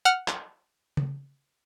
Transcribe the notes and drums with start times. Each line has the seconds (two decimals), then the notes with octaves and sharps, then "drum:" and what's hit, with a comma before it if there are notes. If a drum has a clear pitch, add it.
0.05 F#5 F6
0.28 drum: clap
0.97 drum: tom C#3